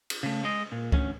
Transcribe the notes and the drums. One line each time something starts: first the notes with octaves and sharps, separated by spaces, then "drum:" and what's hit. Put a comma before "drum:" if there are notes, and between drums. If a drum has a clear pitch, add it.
drum: cymbal
C#3 A3
G#3 D#5
A#2
D2 C#4, drum: kick